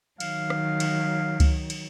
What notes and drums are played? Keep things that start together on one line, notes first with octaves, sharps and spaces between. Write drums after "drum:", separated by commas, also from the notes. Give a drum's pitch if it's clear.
D#3 F#3 F5, drum: cymbal
drum: rim click
drum: cymbal
drum: kick C#2, cymbal
drum: cymbal